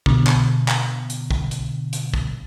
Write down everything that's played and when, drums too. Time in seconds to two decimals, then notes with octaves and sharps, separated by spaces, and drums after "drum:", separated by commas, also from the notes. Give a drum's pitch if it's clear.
0.06 B2 D3, drum: kick
0.27 drum: clap
0.68 drum: clap
1.10 drum: hi-hat
1.31 drum: kick
1.51 drum: hi-hat
1.93 drum: hi-hat
2.14 drum: kick